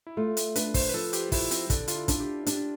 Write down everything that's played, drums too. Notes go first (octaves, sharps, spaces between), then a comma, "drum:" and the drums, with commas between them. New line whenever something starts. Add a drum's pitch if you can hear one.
E4
A3 F4
drum: hi-hat
D4 B4, drum: hi-hat
C5, drum: kick, open hi-hat
B4
F3 A4
G4, drum: hi-hat
F3 E4, drum: kick, open hi-hat
C4, drum: hi-hat
D3 D4, drum: kick, hi-hat
F4, drum: hi-hat
E4
D4, drum: kick, hi-hat
G4
D4 G4, drum: hi-hat